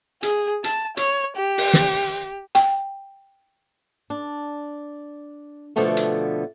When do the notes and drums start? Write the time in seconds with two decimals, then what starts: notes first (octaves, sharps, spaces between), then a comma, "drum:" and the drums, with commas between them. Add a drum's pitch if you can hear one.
0.23 G#4, drum: hi-hat
0.64 A5, drum: hi-hat
0.97 C#5, drum: hi-hat
1.36 G4
1.58 drum: open hi-hat
1.74 drum: snare
2.55 G5, drum: hi-hat
4.10 D4
5.76 B2 D3 F3 A3 B3
5.97 drum: hi-hat